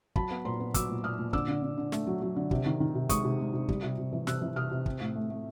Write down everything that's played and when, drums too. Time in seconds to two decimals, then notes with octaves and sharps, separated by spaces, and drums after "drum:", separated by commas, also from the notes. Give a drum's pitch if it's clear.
0.16 F#3 A5 B5, drum: kick
0.30 B3
0.45 A#2 A#5 C6
0.60 B3
0.74 F#3 D6 E6, drum: kick, hi-hat
0.89 A#2
1.04 A#2 D#6 F6
1.18 A#2
1.33 D3 D6 E6, drum: kick
1.48 D3
1.63 D3
1.77 D3
1.92 A3, drum: snare
2.07 F#3
2.22 F#3
2.36 D3
2.51 C3, drum: kick
2.66 D#3
2.80 D#3
2.95 C3
3.09 G#3 C#6 D#6, drum: kick, hi-hat
3.24 C3
3.39 G#3
3.54 C3
3.69 G3, drum: kick
3.83 C3
3.98 C3
4.13 E3
4.27 C3 E6 F#6, drum: snare
4.42 E3
4.56 C3 D#6 F6
4.71 C3
4.86 C4, drum: kick
5.01 A2
5.15 A3
5.30 A3